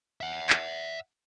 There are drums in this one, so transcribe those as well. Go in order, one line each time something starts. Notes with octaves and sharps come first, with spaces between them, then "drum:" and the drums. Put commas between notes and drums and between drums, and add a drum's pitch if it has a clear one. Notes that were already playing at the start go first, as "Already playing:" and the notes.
E5 F#5
drum: clap